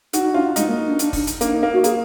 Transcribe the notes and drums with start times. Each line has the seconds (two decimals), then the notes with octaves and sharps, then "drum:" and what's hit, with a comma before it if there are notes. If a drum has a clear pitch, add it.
0.13 D#4 F#4, drum: hi-hat
0.24 D#4
0.34 D4 F4
0.45 D#4
0.56 G#3 D#4, drum: hi-hat
0.67 A#3
0.88 D4
0.99 D4, drum: hi-hat
1.13 drum: kick, open hi-hat
1.27 drum: hi-hat
1.41 A#3 D4, drum: hi-hat
1.52 D#4
1.63 A#3
1.73 F#4
1.84 A#3 G#4, drum: hi-hat